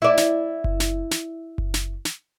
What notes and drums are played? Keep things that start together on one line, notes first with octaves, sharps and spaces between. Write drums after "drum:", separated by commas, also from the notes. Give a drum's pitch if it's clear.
E4 D5
drum: snare
drum: kick F#1
drum: snare
drum: snare
drum: kick F#1
drum: snare
drum: snare